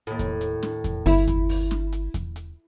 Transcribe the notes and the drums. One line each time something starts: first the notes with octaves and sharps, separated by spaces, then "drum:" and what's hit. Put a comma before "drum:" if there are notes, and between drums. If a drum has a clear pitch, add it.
D#2 A2
drum: kick E2, hi-hat
drum: hi-hat
drum: snare
drum: kick E2, hi-hat
G1 E4, drum: open hi-hat
drum: kick E2, hi-hat
drum: open hi-hat
drum: snare
drum: hi-hat
drum: kick E2, hi-hat
drum: hi-hat